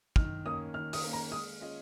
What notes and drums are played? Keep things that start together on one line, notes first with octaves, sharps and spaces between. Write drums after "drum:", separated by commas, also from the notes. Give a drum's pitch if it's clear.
D#3 F6, drum: kick
A#3 C#4 A#4 D#6
D#3 F6
D#6, drum: open hi-hat
A#3 C#4 A#4
A#5
G#3 D#6
C#4 F4 G#4 D#5